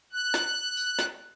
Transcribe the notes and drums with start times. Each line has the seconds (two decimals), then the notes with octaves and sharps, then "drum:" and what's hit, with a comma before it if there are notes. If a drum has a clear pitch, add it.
0.12 F#6
0.34 drum: snare
0.77 drum: tambourine
0.99 drum: snare